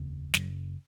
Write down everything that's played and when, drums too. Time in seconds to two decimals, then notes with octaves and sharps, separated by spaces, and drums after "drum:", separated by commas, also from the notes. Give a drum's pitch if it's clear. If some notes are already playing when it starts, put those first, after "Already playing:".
Already playing: F1 D#2 C#3
0.34 F#1 F#2 C#3 F#3, drum: snare